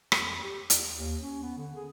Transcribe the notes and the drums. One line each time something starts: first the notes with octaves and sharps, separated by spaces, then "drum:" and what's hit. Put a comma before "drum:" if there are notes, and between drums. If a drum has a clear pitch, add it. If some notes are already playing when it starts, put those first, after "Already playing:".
F2, drum: rim click
G4
E2, drum: hi-hat
D#2
C#4
B3
D3
G#4